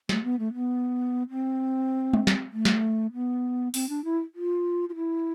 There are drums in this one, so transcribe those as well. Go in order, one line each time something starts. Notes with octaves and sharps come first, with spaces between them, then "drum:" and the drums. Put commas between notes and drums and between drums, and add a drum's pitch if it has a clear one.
A3, drum: snare
B3
A3
B3
C4
drum: tom G#3
drum: snare
A3
drum: snare
B3
C4, drum: open hi-hat
D4
E4
F4
F4
E4